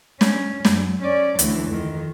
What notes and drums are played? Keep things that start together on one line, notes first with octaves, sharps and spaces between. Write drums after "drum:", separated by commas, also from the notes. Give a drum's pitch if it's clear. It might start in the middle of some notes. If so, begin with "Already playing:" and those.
C#4, drum: snare
F#2, drum: snare
C#4 D5
D2 E3, drum: hi-hat
F2 D#3